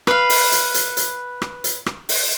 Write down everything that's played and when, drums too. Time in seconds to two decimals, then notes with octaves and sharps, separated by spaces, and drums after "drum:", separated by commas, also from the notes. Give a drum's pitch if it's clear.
0.07 B4 F5, drum: rim click
0.30 drum: open hi-hat
0.52 drum: hi-hat
0.74 drum: hi-hat
0.97 drum: hi-hat
1.42 drum: rim click
1.64 drum: hi-hat
1.86 drum: rim click
2.09 drum: open hi-hat